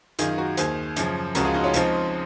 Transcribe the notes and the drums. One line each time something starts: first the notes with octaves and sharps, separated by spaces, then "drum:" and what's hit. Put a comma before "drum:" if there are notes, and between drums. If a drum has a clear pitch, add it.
F#2 D#3 F4 G#4, drum: hi-hat
F#4 A#4
D#2 D#3 G#4 C5, drum: hi-hat
F#2 C#3 F3, drum: hi-hat
C#2 C#3 F3 F#4 A#4, drum: hi-hat
F4 G#4
D#4 F#4
C#4 F4
C#2 C#3 F3 C4 D#4, drum: hi-hat